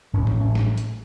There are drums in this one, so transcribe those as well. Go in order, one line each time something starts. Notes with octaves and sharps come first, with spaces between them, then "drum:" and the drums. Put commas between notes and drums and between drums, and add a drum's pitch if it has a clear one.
A1 A2 C#4
A#3, drum: tom E3
A3 C#4
drum: snare
drum: hi-hat